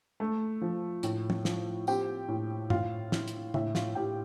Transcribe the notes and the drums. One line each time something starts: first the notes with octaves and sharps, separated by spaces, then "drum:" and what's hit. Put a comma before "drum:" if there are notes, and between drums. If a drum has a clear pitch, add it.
A3
F3
A2, drum: hi-hat
drum: tom
F3, drum: snare
C4 G4 G5, drum: tambourine
A2
A2 F4 F5, drum: tom
E4, drum: snare
drum: hi-hat
A2 E5, drum: tom
F4 F5, drum: snare
A2 G4 G5